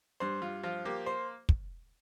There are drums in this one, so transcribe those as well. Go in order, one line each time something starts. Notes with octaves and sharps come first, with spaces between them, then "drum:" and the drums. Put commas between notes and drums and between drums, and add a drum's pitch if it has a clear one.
G2 C5
G2 F4
F3 F4
A#3 G4
C5
drum: kick